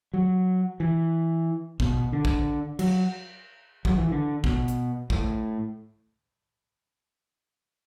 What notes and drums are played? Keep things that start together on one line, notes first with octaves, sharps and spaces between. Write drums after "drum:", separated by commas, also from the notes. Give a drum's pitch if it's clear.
F#3
E3
B2, drum: kick
D3
drum: kick
F#3, drum: cymbal
F#3, drum: kick
E3
D3
B2, drum: kick
drum: hi-hat
A2, drum: kick